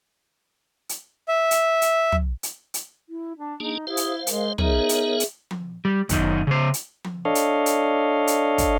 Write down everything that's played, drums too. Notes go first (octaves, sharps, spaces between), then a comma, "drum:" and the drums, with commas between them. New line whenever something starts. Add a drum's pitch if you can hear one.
drum: hi-hat
E5
drum: hi-hat
drum: hi-hat
drum: tom
drum: hi-hat
drum: hi-hat
E4
D4 A5
A#3 D4 D#4 G#4
E4 G4 C5 F5 D#6
drum: hi-hat
G#3 A#4, drum: hi-hat
B3 D#4 G#4 A#4 C#5 E5, drum: tom
drum: hi-hat
drum: hi-hat
drum: tom F3
G3
F#2 D#3 D#4, drum: kick, hi-hat
C#3 C5
drum: hi-hat
drum: tom F3
D4 A4 C#5 D#5 F5
drum: hi-hat
drum: hi-hat
drum: hi-hat
drum: kick, hi-hat